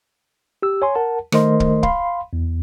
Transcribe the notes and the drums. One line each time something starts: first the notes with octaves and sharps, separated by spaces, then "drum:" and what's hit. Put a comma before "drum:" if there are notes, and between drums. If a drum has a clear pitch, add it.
G4 E6
C#5 G#5 C6
A#4 F#5 A5
D#3 A3 A#4 C5 D#5 C6, drum: rim click
drum: kick
F5 B5 C6, drum: kick
E2